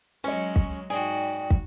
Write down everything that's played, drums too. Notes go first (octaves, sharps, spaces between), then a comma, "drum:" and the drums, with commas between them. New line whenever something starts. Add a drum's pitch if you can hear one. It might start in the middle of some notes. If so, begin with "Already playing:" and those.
F#3 G#3 C#4 C#5 D#5
drum: kick
G#2 F#4 G#4 D5 G5
drum: kick